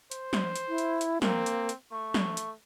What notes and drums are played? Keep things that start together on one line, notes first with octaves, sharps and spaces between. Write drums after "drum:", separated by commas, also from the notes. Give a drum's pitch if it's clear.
C5, drum: hi-hat
drum: snare
drum: hi-hat
E4
drum: hi-hat
drum: hi-hat
A#3 C4, drum: snare
drum: hi-hat
drum: hi-hat
A3 C#6
drum: snare
drum: hi-hat